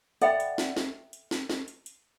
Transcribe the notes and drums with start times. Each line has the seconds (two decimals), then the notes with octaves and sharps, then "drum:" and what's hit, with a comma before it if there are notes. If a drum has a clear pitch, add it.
0.21 A4 D5 E5 F#5 G5 B5, drum: hi-hat
0.40 drum: hi-hat
0.58 drum: snare
0.76 drum: snare
1.13 drum: hi-hat
1.31 drum: snare
1.50 drum: snare
1.68 drum: hi-hat
1.86 drum: hi-hat